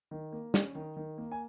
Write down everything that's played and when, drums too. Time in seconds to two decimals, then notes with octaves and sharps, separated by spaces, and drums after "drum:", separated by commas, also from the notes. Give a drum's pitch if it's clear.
0.11 D#3
0.32 A#3
0.54 C#4, drum: snare
0.75 D#3
0.96 D#3
1.18 A#3
1.32 G#5